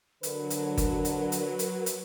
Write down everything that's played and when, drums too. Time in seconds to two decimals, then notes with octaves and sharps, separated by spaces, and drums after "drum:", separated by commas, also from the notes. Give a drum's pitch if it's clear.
0.23 D3 F#3 A#4 B4, drum: hi-hat
0.50 drum: hi-hat
0.78 drum: kick G1, hi-hat
1.05 drum: hi-hat
1.32 drum: hi-hat
1.59 drum: hi-hat
1.86 drum: hi-hat